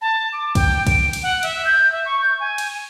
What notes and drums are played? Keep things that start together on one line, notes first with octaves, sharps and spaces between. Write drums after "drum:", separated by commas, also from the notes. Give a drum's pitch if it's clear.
A5
D6
G5, drum: kick, cymbal
D7, drum: kick, cymbal
drum: cymbal
F#5
E5, drum: cymbal
G6
E5
C#6
G6
G#5
drum: cymbal